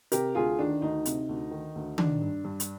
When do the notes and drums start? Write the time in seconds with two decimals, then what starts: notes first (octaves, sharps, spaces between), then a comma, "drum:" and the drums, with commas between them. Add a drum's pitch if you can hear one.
0.12 C3 G4 A#4, drum: hi-hat
0.35 D2 F4 G#4
0.59 D#3 D4
0.82 D2 D#4
1.05 C3, drum: hi-hat
1.29 D2
1.51 D#3
1.75 D2
1.98 D#3 D4, drum: tom D#3
2.21 G2
2.44 G2
2.60 drum: hi-hat